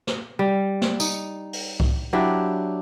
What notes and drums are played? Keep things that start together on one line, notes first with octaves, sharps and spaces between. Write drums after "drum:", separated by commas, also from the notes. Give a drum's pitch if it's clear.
drum: snare
G3
drum: snare
D#4, drum: tambourine
drum: open hi-hat
drum: kick C2
F#3 D4 E4 G4